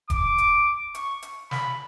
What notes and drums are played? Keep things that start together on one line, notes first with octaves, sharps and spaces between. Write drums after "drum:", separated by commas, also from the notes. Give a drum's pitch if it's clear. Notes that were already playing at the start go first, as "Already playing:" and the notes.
D6, drum: kick E1, hi-hat
drum: hi-hat
C#6, drum: hi-hat
drum: hi-hat
B5, drum: snare